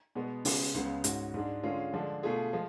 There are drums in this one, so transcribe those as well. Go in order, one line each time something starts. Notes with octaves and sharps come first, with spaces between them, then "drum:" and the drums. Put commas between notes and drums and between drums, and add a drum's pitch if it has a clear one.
B2 G#3 B3
C#3 G#3 B3, drum: open hi-hat
C#2 C#3 G#3 B3
G#2 G#3 C#4 F#4, drum: hi-hat
G#2 G#3 D4
D3 G#3 C#4 F4 G#4
D3 F3 G#3 D4
B2 A3 F4 G#4
F3 G#3